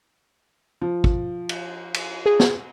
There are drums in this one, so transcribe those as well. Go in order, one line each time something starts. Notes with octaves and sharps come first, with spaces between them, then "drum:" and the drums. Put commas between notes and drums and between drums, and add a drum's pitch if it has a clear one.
F3
drum: kick
drum: cymbal
drum: cymbal
G#4
drum: snare